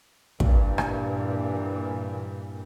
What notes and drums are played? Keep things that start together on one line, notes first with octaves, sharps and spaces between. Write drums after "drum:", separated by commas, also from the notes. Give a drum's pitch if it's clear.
G2 A#2 E3, drum: kick
drum: rim click